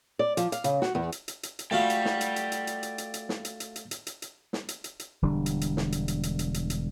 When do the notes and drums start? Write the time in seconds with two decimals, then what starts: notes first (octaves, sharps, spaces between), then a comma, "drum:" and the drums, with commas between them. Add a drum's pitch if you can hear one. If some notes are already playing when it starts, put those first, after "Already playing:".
0.19 D5
0.37 F3, drum: hi-hat
0.52 F5, drum: hi-hat
0.64 C#3, drum: hi-hat
0.82 F#4, drum: snare
0.95 E2
1.12 drum: hi-hat
1.28 drum: hi-hat
1.43 drum: hi-hat
1.59 drum: hi-hat
1.71 A3 F4 F#4 D5 G5
1.90 drum: hi-hat
2.05 drum: snare
2.21 drum: hi-hat
2.36 drum: hi-hat
2.52 drum: hi-hat
2.67 drum: hi-hat
2.83 drum: hi-hat
2.98 drum: hi-hat
3.14 drum: hi-hat
3.29 drum: snare
3.45 drum: hi-hat
3.60 drum: hi-hat
3.76 drum: hi-hat
3.91 drum: hi-hat
4.07 drum: hi-hat
4.22 drum: hi-hat
4.53 drum: snare
4.69 drum: hi-hat
4.84 drum: hi-hat
4.99 drum: hi-hat
5.22 E1 D3 G3 D4
5.46 drum: hi-hat
5.61 drum: hi-hat
5.77 drum: snare
5.92 drum: hi-hat
6.08 drum: hi-hat
6.23 drum: hi-hat
6.39 drum: hi-hat
6.54 drum: hi-hat
6.70 drum: hi-hat